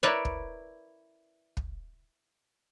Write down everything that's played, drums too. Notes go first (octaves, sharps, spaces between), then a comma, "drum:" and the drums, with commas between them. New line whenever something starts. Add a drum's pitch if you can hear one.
E4 A#4 B4 C#5 D5
drum: kick
drum: kick